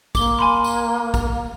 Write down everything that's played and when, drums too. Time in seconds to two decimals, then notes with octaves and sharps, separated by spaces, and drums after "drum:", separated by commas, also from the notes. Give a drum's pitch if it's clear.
0.15 A#3 D6 G7, drum: kick, tambourine
0.39 G#5 B5 C6
0.64 drum: tambourine
1.14 drum: kick, tambourine